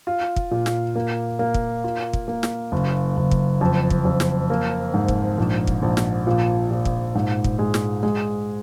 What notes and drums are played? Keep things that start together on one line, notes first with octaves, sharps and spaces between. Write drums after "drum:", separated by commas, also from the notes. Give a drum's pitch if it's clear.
F4
drum: kick
A#2
drum: snare
A#3
A#3
drum: kick
F4
drum: kick
A#3
drum: snare
F#1
F#1
drum: kick
F2
drum: kick
F2
drum: snare
A#3
G#2
drum: kick
A#1
drum: kick
A#1
drum: snare
A#2
A#2
drum: kick
G#2
drum: kick
G#3
drum: snare
G#3